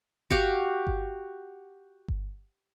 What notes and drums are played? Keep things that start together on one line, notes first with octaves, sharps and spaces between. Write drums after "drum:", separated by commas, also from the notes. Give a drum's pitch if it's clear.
F#4 G4 F5, drum: kick G1
drum: kick G1
drum: kick G1